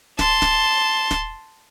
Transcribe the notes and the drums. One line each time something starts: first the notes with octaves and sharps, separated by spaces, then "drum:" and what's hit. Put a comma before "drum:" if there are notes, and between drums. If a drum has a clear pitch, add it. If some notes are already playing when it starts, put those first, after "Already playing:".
A5 C6, drum: snare
drum: snare
drum: snare